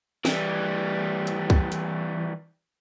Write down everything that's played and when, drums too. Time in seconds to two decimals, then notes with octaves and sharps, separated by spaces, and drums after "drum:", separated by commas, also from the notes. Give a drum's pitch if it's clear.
0.25 E3 G3, drum: snare
1.27 drum: hi-hat
1.50 drum: kick C2
1.72 drum: hi-hat